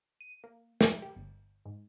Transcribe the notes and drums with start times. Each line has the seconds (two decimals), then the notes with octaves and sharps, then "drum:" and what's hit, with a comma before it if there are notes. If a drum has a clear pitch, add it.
0.21 D#7
0.44 A#3
0.81 E5, drum: snare
1.02 G4
1.16 G1
1.65 G#2